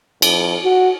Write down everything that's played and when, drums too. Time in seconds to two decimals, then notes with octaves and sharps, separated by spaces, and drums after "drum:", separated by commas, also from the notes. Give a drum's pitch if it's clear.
0.22 F2, drum: cymbal
0.64 F#4